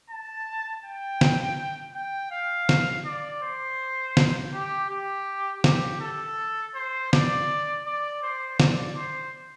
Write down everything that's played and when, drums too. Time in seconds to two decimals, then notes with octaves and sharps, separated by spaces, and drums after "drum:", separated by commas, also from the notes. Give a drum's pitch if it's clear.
0.11 A5
0.84 G5
1.21 drum: snare
1.95 G5
2.32 F5
2.69 drum: snare
3.05 D5
3.43 C5
4.17 drum: snare
4.54 G4
4.90 G4
5.64 G4, drum: snare
6.01 A4
6.75 C5
7.13 D5, drum: snare
7.87 D5
8.23 C5
8.60 D5, drum: snare
8.97 C5